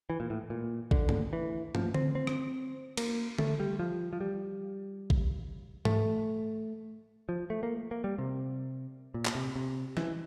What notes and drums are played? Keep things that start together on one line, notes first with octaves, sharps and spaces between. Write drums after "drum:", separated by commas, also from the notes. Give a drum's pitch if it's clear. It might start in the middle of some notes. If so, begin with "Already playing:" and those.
E3
A#2
A2
A#2
D3, drum: kick A1
drum: tom
E3
F3, drum: tom
C4, drum: tom D3
C4
drum: rim click
A#3, drum: cymbal
A3, drum: tom D3
G3
F3
F3
G3
drum: kick A1
A3, drum: tom G#2
F3
A3
A#3
A#3
G3
C3
A#2
drum: clap
C3
C3
E3, drum: snare